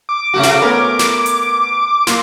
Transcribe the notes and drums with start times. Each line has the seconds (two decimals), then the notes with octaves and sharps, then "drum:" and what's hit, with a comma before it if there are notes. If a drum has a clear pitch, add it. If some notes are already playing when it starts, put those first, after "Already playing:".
0.09 D6
0.34 C3 A3 F#4
0.43 drum: snare
0.62 A3 B3 C#4 A#4
0.99 drum: snare
1.26 drum: hi-hat
2.07 A#2 A#3 C6, drum: snare